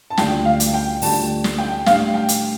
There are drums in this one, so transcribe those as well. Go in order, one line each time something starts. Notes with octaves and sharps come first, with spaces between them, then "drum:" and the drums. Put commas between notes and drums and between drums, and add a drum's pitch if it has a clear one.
A5
D2 D3 G3 F4 G5, drum: snare
F5
drum: hi-hat
G5
D2 D3 G3 F4 A5, drum: open hi-hat
drum: snare
G5
A2 G3 D4 F5, drum: snare
G5
drum: hi-hat